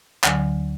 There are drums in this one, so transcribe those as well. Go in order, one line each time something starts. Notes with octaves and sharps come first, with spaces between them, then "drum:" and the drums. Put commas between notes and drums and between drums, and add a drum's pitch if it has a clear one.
D2 D3 F#3 G#5, drum: clap